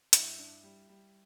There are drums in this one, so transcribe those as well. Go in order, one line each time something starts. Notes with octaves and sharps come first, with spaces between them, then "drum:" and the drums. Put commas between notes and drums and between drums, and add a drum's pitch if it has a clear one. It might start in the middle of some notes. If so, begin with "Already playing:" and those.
G2 E4, drum: hi-hat
D4
G3
G3